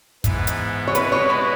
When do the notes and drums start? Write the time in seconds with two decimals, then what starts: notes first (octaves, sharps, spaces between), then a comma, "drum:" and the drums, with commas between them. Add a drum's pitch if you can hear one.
0.24 G#2 E3 B3, drum: kick, hi-hat
0.47 drum: hi-hat
0.87 C#5
0.95 B2 G#3 B3 E4 B4, drum: hi-hat
1.12 C#5
1.30 B4